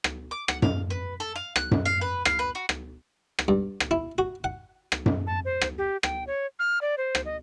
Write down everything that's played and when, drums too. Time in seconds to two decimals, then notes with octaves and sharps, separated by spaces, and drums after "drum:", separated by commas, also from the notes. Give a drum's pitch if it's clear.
0.04 drum: rim click
0.31 D6
0.48 F#5, drum: rim click
0.62 F5, drum: tom F#2
0.90 B4
1.20 A4
1.36 F5
1.56 F#6, drum: rim click
1.71 drum: tom F#2
1.85 F5
2.01 B4
2.25 F5, drum: rim click
2.39 B4
2.55 F#4
2.69 drum: rim click
3.39 drum: rim click
3.48 G2
3.80 drum: rim click
3.91 E4
4.18 F#4
4.44 F#5
4.92 drum: rim click
5.06 drum: tom F#2
5.27 A5
5.45 C5
5.61 drum: rim click
5.78 G4
6.03 G5, drum: rim click
6.27 C#5
6.59 F6
6.81 D5
6.98 C5
7.15 drum: rim click
7.25 D#5